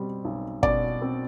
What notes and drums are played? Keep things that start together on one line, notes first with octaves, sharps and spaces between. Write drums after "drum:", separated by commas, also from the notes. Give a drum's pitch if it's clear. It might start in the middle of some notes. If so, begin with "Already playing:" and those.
Already playing: B2 G3 C4
B1
B2 D5, drum: kick
C4